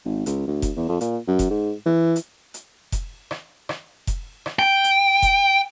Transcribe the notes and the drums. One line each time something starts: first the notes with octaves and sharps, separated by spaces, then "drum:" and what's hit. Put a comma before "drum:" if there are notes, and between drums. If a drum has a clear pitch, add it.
G#1
C#2, drum: hi-hat
D2
drum: kick F1, hi-hat
E2
F2
A#2, drum: hi-hat
F#2
drum: kick F1, hi-hat
G#2
E3
drum: hi-hat
drum: hi-hat
drum: kick F1, hi-hat
drum: rim click
drum: rim click
drum: kick F1, hi-hat
drum: rim click
G5
drum: hi-hat
drum: kick F1, hi-hat